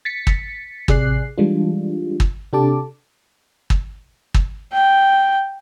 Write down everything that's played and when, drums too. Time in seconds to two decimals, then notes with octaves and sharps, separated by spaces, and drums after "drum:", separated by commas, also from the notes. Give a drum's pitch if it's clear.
0.05 A6 B6 C#7
0.27 drum: kick
0.88 A1 C3 G#4 D5 F#6 C7, drum: kick
1.38 E3 G3 G#3 D4 F4
2.20 drum: kick
2.53 C3 D4 G4 A4 A5 D6
3.70 drum: kick
4.34 drum: kick
4.73 G5